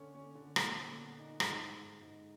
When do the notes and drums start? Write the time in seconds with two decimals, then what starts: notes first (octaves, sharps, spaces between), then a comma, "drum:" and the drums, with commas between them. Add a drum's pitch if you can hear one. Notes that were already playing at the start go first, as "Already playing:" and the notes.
Already playing: D3 C#4
0.15 C#4
0.35 D3
0.56 A#2, drum: rim click
0.77 A#2
0.98 B3
1.19 D#4
1.40 G#2, drum: rim click
1.61 G#3
1.82 G#2
2.03 G#2